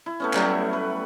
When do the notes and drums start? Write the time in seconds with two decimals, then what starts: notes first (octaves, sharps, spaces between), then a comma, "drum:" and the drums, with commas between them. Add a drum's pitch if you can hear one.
0.06 E4
0.20 A3 B3 C#4
0.34 F#3 G3 A3 C#4, drum: clap
0.49 E5
0.73 B4